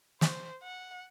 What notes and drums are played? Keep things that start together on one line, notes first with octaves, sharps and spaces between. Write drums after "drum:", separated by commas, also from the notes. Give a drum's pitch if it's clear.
C5, drum: snare
F#5